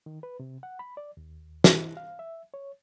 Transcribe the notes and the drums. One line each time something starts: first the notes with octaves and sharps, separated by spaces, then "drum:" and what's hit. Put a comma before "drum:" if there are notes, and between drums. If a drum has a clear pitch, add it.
D#3
B4
C3
F#5
B5
D5
D#2
E4, drum: snare
F5
E5
C#5